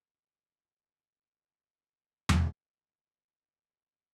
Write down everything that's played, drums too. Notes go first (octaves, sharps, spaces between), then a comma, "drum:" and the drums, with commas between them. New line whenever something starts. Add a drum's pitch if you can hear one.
F#3 C#4
B1 G#2 E3
D3
drum: tom E2
D3